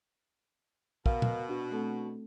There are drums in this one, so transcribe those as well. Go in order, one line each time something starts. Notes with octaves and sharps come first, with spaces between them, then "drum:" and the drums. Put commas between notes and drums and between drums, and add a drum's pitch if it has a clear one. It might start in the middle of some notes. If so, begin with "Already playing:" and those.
B2 A#4 F5, drum: kick
drum: tom A#2
D4 F#4
A3 C4 A4